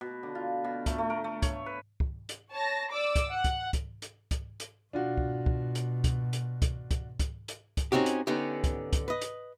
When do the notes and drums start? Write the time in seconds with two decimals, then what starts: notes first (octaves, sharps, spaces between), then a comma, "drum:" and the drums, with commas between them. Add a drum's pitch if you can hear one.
0.01 B2
0.23 D3
0.35 F4
0.64 B2
0.86 A3, drum: kick, hi-hat
0.98 A3
1.10 A#4
1.24 A3
1.42 C#5, drum: kick, hi-hat
1.66 B4
2.00 drum: kick
2.29 drum: hi-hat
2.53 C#5 A5 A#6
2.92 D5 D6 E6
3.16 drum: kick, hi-hat
3.31 F#5
3.44 drum: kick, hi-hat
3.73 drum: kick, hi-hat
4.02 drum: hi-hat
4.31 drum: kick, hi-hat
4.60 drum: hi-hat
4.93 B2 D4 F4 F#4
5.18 drum: kick
5.46 drum: kick
5.75 drum: hi-hat
6.04 drum: kick, hi-hat
6.33 drum: hi-hat
6.62 drum: kick, hi-hat
6.91 drum: kick, hi-hat
7.19 drum: kick, hi-hat
7.48 drum: hi-hat
7.77 drum: kick, hi-hat
7.92 C4 C#4 D#4 F#4 G4
8.06 drum: hi-hat
8.27 D3 B3 C#4 D#4 G4
8.64 drum: kick, hi-hat
8.93 drum: kick, hi-hat
9.08 B4 D#5
9.21 drum: hi-hat